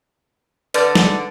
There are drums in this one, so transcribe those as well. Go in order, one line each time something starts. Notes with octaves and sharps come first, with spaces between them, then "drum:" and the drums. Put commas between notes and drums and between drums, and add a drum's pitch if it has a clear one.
D3 B4 C#5 D5, drum: hi-hat
drum: snare